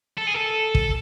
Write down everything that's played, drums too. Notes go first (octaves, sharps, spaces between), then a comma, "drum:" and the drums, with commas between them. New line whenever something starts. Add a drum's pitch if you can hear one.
A4
G#4
A4
drum: kick